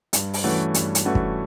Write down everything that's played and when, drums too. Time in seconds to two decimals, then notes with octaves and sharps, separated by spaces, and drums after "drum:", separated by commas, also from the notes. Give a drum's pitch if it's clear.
0.13 G2, drum: hi-hat
0.34 drum: open hi-hat
0.44 E3 A3 C#4 F#4
0.74 G2, drum: hi-hat
0.95 drum: hi-hat
1.05 E3 A3 C#4 F#4
1.15 drum: kick